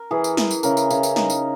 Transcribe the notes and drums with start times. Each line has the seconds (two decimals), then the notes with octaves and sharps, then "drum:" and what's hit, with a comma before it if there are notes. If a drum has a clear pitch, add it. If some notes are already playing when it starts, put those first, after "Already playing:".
Already playing: A#4
0.11 E3 G#4
0.24 drum: tambourine
0.37 E3, drum: snare
0.51 drum: tambourine
0.63 C#3 A#4, drum: tambourine
0.77 drum: tambourine
0.90 C#3, drum: tambourine
1.03 drum: tambourine
1.16 D#4, drum: snare
1.30 drum: tambourine